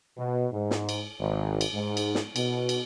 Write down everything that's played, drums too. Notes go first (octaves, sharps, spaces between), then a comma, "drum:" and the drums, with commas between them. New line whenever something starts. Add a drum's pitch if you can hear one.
B2
G#2
drum: snare
drum: cymbal
G#1
drum: cymbal
G#2
drum: cymbal
drum: snare
B2, drum: cymbal
drum: cymbal